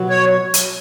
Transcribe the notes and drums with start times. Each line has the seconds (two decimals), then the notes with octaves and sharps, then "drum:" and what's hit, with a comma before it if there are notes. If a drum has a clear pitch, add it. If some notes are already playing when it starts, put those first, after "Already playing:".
Already playing: B2 F#3 B3 F#4
0.10 C#5
0.54 drum: hi-hat